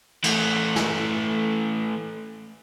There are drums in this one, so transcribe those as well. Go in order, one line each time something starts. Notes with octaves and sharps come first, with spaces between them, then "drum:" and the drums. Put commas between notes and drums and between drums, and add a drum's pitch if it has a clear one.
E3 A3, drum: cymbal
drum: snare